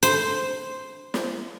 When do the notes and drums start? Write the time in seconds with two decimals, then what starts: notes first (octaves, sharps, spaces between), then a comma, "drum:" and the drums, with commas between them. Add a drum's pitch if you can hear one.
0.03 C5, drum: hi-hat
1.14 drum: snare